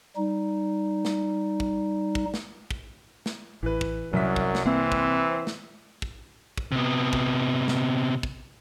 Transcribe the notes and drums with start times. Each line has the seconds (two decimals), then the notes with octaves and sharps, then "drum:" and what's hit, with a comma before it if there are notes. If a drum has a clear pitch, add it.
0.16 G3 D#4
1.05 drum: snare
1.60 drum: kick
2.15 drum: kick
2.34 drum: snare
2.71 drum: kick
3.26 drum: snare
3.63 A1 E3 B4
3.81 drum: kick
4.13 C2 F#2 F#3 E5 B6
4.36 drum: kick
4.55 drum: snare
4.66 E3 A#3 C4
4.92 drum: kick
5.47 drum: snare
6.02 drum: kick
6.57 drum: kick
6.72 C3 B3
7.13 drum: kick
7.68 drum: snare
8.23 drum: kick